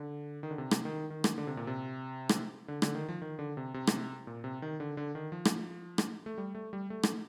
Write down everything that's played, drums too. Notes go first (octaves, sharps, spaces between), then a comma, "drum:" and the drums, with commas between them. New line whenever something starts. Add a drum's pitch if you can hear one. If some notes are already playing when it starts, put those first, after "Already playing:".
Already playing: D3
D#3
D3
C3
drum: rim click
D#3
D#3
drum: rim click
D3
C3
A#2
C3
drum: rim click
D3
D3, drum: rim click
D#3
F3
D#3
D3
C3
C3
drum: rim click
A#2
C3
D#3
D3
D3
D#3
F3
drum: rim click
drum: rim click
A3
G3
A3
G3
A3
drum: rim click